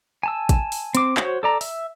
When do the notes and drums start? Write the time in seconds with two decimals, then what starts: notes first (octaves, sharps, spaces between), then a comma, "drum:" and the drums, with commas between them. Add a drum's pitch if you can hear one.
0.23 G#5 A5 E6
0.49 drum: kick, hi-hat
0.72 drum: open hi-hat
0.95 C4 D6, drum: hi-hat
1.17 F#4 C5 C#5, drum: clap
1.43 A4 D5 A#5
1.61 E5, drum: open hi-hat